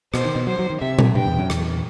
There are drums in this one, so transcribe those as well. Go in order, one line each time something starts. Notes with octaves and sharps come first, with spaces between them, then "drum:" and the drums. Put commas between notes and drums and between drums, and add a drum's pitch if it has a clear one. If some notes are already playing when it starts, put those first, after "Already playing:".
B2 C5, drum: rim click
D#3
B2
F#3 C5
F#3
D#3
C3 E5
drum: tom A#2
G2 G5
E2
F#2
E2, drum: rim click